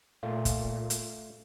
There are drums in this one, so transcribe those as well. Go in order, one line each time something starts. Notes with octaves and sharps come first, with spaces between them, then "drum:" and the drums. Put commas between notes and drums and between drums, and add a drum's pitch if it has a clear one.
A#2 A3 F4
drum: kick, hi-hat
drum: hi-hat